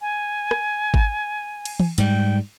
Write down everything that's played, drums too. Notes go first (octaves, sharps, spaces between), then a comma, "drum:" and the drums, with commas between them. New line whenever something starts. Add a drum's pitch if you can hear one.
G#5
drum: rim click
drum: kick G#1
drum: cymbal
drum: tom
G#2 G3 G5, drum: hi-hat